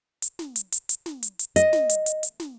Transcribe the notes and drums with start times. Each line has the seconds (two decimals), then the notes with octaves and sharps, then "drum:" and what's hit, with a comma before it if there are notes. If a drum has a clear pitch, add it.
0.22 drum: hi-hat
0.39 drum: snare
0.56 drum: hi-hat
0.72 drum: hi-hat
0.89 drum: hi-hat
1.06 drum: snare
1.23 drum: hi-hat
1.39 drum: hi-hat
1.56 D#5, drum: hi-hat
1.73 drum: snare
1.89 drum: hi-hat
2.06 drum: hi-hat
2.23 drum: hi-hat
2.40 drum: snare